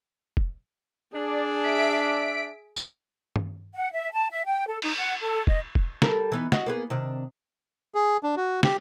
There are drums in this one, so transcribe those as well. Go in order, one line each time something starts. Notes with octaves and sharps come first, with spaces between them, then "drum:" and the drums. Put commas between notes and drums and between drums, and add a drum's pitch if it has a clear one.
drum: kick
D4 G#4 D5
E5 B6 D7
drum: tambourine
drum: tom
F#5
E5
A5
E5
G5
A4
D#4, drum: cymbal
F#5
A4
D#5, drum: kick
drum: kick
G3 A4 A#4, drum: snare
E3 B3 D#4
F#4 D#5, drum: snare
A#3 B3 G#4
C3 D#3 D4
G#4
D4
F#4
G4, drum: snare